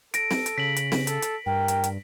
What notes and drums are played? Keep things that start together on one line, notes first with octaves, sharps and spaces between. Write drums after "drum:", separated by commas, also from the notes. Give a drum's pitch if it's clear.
A4 A#6 D7, drum: hi-hat
drum: snare
drum: hi-hat
C#3 B6 F#7
drum: hi-hat
drum: snare
A4, drum: hi-hat
drum: hi-hat
G2 A#4 G5
drum: hi-hat
drum: hi-hat